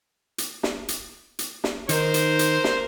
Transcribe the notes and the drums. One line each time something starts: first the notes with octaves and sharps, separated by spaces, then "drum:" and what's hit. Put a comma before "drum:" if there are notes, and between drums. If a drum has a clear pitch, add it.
drum: hi-hat
drum: snare
drum: hi-hat
drum: hi-hat
drum: snare
D#3 D#4 A#4 C5, drum: hi-hat
drum: hi-hat
drum: hi-hat
drum: snare